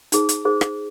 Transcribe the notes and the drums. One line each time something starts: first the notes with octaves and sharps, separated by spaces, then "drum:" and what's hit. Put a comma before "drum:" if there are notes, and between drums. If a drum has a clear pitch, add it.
D#4 G#4 C5, drum: hi-hat
drum: hi-hat
D#4 G#4 C5
drum: rim click